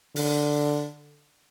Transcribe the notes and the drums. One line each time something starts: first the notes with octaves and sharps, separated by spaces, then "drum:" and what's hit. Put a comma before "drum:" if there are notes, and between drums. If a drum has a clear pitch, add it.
D3, drum: open hi-hat